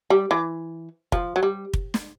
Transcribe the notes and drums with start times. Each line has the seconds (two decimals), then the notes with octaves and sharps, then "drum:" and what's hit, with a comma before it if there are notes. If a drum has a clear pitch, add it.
0.10 G3
0.31 E3
1.12 F3, drum: kick
1.36 F#3
1.43 G3
1.73 drum: kick
1.94 drum: snare